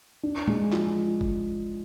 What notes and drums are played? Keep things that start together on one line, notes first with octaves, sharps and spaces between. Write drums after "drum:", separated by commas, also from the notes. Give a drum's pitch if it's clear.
D4
G#3, drum: tom A2
F3, drum: clap
drum: kick G1